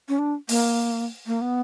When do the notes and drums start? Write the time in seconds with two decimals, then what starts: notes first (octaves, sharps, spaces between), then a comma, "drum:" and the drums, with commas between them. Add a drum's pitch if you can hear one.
0.09 C#4
0.19 D4
0.49 A#3, drum: open hi-hat
1.27 A#3
1.41 B3